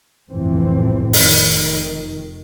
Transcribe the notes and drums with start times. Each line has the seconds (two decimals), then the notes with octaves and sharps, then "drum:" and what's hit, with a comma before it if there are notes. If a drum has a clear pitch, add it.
0.31 G1 C2 F2 A2 E3 C4
1.13 F1 D#3, drum: open hi-hat